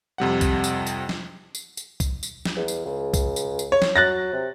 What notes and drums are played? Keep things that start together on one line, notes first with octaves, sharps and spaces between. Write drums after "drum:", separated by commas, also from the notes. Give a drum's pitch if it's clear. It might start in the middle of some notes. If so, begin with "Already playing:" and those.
F2 C3 G3 F#5
drum: kick B1, tambourine
drum: tambourine
drum: tambourine
drum: snare
drum: tambourine
drum: tambourine
drum: kick B1, tambourine
drum: tambourine
drum: snare
E2
drum: tambourine
C#2
drum: kick B1, tambourine
drum: tambourine
drum: tambourine
C#5
drum: snare
F#3 F#6 A6 A#6
C3